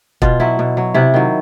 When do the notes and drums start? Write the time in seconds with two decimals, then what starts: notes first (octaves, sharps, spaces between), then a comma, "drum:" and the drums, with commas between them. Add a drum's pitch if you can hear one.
0.22 B2 F4, drum: kick
0.40 F#3 E4
0.59 B2
0.77 F#3
0.94 C3 E4
1.14 D#3 F#3